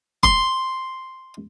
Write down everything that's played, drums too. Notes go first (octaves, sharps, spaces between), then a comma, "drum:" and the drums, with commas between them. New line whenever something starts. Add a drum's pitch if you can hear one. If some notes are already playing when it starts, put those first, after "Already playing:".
C6, drum: kick E1